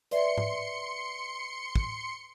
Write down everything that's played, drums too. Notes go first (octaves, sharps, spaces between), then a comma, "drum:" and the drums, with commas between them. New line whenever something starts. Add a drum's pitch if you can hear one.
B4 D5 E5 C6 C#7, drum: hi-hat
drum: tom G#2
drum: kick